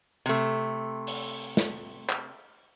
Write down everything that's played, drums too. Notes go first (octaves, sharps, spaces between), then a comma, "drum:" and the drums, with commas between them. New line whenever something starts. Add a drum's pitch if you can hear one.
C3 A3
drum: open hi-hat
drum: snare
drum: clap